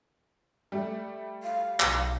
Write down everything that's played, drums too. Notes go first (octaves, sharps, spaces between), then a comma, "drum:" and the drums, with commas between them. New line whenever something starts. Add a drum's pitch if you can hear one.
G3 A3
F5
B1, drum: clap